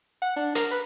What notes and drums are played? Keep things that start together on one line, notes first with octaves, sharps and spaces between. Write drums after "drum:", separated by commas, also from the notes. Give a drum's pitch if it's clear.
F#5
D4
A#4, drum: hi-hat
B4